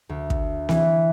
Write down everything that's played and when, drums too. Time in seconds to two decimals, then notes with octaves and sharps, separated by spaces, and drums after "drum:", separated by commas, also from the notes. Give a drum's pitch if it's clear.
0.09 D2
0.30 drum: kick
0.69 E3, drum: snare C4